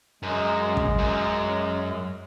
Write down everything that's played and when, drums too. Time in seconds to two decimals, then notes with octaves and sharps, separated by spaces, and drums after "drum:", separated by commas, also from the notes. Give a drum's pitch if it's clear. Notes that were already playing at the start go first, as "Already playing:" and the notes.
0.23 F#2 G#3
0.77 drum: kick
0.99 F#2